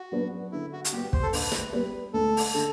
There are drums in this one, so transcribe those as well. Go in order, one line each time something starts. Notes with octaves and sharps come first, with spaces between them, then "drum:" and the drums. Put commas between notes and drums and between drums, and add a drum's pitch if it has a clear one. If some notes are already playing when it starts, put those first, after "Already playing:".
Already playing: F#4
F#3 B3 D4
D3 E4
F#4
F#4, drum: hi-hat
G3 B3 G4
C5, drum: kick
A4
D3 B4, drum: open hi-hat
drum: snare
G3 B3
D2 A4
drum: open hi-hat
D3 A4